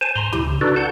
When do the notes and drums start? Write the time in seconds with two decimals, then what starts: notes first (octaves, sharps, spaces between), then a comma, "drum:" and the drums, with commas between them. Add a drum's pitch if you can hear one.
0.01 C5 G#5 A5
0.16 G#2 A#5 C6
0.33 E4 G4, drum: tom
0.47 C#3
0.61 D4 D#4 F#4 A4 B4 D5
0.76 F#5 A5 G6